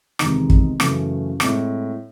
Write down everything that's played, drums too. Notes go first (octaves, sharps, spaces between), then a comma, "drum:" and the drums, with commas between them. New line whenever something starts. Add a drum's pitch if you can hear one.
E2 C3 D#3 G#3 D#4, drum: rim click
drum: kick
F#2 C#3 E3 A3, drum: rim click
A2 G#3 C4, drum: rim click